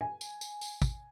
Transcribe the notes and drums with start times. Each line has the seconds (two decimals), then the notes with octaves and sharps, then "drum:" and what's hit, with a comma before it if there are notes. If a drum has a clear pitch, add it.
0.01 G#5
0.21 drum: tambourine
0.41 drum: tambourine
0.61 drum: tambourine
0.82 drum: kick, tambourine